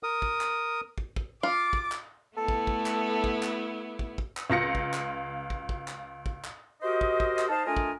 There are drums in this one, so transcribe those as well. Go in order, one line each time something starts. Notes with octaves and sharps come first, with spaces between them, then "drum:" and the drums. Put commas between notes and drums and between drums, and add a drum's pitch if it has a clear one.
A#4 D#6
drum: kick
drum: clap
drum: kick
drum: kick
F4 D6
drum: kick
drum: clap
A3 B3 E4 A4
drum: kick
drum: kick
drum: clap
drum: kick
drum: clap
drum: kick
drum: kick
drum: clap
C#2 F4 A#6 C#7
drum: kick
drum: clap
drum: kick
drum: kick
drum: clap
drum: kick
drum: clap
F#4 G4 A#4 C5 D#5
drum: kick
drum: kick
drum: clap
D#4 C5 D#5 F5 A5
A3 D4 F4 A#4 D#5 G#5
drum: kick